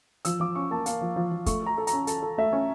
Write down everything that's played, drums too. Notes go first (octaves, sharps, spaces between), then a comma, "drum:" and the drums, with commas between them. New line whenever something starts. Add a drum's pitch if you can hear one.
F3 E6, drum: hi-hat
F3 D6
C#4 C#6
A#3 A5
A#3 F5, drum: hi-hat
F3
F3
F3
A3 C#6, drum: kick, hi-hat
A4 A#5
A4
A#5, drum: hi-hat
C#4
A4 A5, drum: hi-hat
A4
A3 E5
C#4